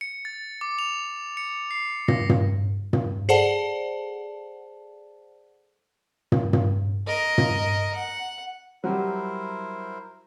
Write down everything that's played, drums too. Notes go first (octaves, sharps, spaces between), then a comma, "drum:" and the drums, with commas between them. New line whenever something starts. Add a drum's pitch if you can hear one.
C#7
A6
D6
F7
C#7
C7
A#6, drum: tom
drum: tom
drum: tom
G#4 A4 C5 D5 F#5 A5
drum: tom
drum: tom
A#4 D#5
drum: tom
F#5
F#3 G3 E4 A#4 C5